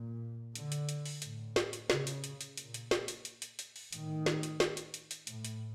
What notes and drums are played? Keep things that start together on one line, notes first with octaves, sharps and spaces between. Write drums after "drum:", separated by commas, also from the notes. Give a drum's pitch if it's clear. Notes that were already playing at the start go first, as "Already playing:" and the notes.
Already playing: A#2
D3, drum: hi-hat
drum: hi-hat
drum: hi-hat
drum: open hi-hat
A2, drum: hi-hat
drum: snare
drum: hi-hat
C#3, drum: snare
drum: hi-hat
drum: hi-hat
drum: hi-hat
A#2, drum: hi-hat
drum: hi-hat
drum: snare
drum: hi-hat
drum: hi-hat
drum: hi-hat
drum: hi-hat
drum: open hi-hat
A2 D#3, drum: hi-hat
drum: snare
drum: hi-hat
drum: snare
drum: hi-hat
drum: hi-hat
drum: hi-hat
A2, drum: hi-hat
drum: hi-hat